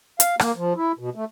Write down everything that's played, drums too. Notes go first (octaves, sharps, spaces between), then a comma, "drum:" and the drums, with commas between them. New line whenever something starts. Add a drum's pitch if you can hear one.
F5, drum: hi-hat
A#3, drum: rim click
F3
E4
B2
A3